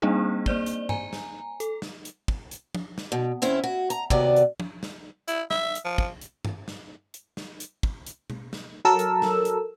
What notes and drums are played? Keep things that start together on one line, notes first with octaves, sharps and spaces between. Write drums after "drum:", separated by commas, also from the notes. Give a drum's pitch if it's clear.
G3 A#3 C4 D4 D#4 G#4
A#3 C5 D5 G7, drum: kick
drum: hi-hat
G#5 A#5, drum: tom G2
drum: snare
A4, drum: hi-hat
drum: snare
drum: hi-hat
drum: kick
drum: hi-hat
drum: tom
drum: snare
B2
E2 C4 C#4 E4, drum: hi-hat
F#4
A#5, drum: hi-hat
D#2 C3 B3 F#4 D5, drum: kick
drum: hi-hat
drum: tom
drum: snare
E4, drum: hi-hat
E5, drum: snare
drum: hi-hat
F3
drum: kick
drum: hi-hat
drum: tom G2
drum: snare
drum: hi-hat
drum: snare
drum: hi-hat
drum: kick
drum: hi-hat
drum: tom B2
drum: snare
F#3 A4 A#4 E6
drum: hi-hat
drum: snare
drum: hi-hat